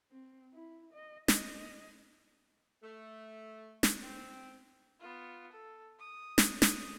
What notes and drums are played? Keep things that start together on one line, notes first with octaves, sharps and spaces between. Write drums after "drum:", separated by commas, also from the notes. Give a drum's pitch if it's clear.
C4
E4
D#5
D#5, drum: snare
A3
drum: snare
C4
B3 F4
A4
D#6
drum: snare
D#6, drum: snare